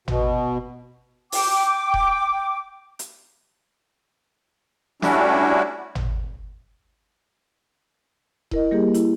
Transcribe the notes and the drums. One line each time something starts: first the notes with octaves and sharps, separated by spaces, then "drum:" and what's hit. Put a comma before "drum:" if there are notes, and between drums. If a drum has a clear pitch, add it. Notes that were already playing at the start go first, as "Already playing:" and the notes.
B2, drum: tom G#1
G5 D6, drum: open hi-hat
drum: kick D#1
drum: hi-hat
G3 A3 C#4 D4 E4 F#4, drum: snare
drum: tom G#1
E4 A#4 D#5, drum: kick D#1
G3 A#3 G4 G#4
E4, drum: hi-hat